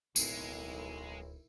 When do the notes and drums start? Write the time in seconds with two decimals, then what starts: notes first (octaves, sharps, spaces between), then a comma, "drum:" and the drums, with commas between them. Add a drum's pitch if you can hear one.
0.16 D1 B1 D#3 G#3 E4, drum: tambourine